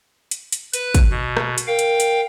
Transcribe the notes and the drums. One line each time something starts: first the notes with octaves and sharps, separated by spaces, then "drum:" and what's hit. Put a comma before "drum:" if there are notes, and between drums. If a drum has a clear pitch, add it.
drum: hi-hat
drum: hi-hat
B4 F#6, drum: hi-hat
drum: kick, hi-hat
B2
drum: rim click
drum: hi-hat
A#4 F5 G5
drum: hi-hat
drum: hi-hat